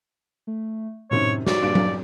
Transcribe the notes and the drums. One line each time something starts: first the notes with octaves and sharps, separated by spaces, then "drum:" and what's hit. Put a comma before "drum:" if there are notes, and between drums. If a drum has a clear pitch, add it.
A3
F#2 A2 C3 D#3 C#5
G#2 F#4 D5, drum: snare
A#1 G2 D7
drum: tom F#3